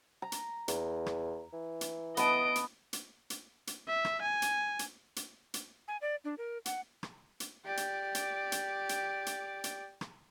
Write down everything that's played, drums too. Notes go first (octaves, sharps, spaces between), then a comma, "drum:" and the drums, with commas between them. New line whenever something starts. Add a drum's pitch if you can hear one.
A#5
drum: hi-hat
E2, drum: hi-hat
drum: rim click
E3
drum: hi-hat
B3 D#5 A5 D7, drum: hi-hat
drum: hi-hat
drum: hi-hat
drum: hi-hat
drum: hi-hat
E5
drum: rim click
G#5
drum: hi-hat
drum: hi-hat
drum: hi-hat
drum: hi-hat
G#5
D5
D4
A#4
F#5, drum: hi-hat
drum: rim click
drum: hi-hat
G4 D5
drum: hi-hat
drum: hi-hat
drum: hi-hat
drum: hi-hat
drum: hi-hat
drum: hi-hat
drum: rim click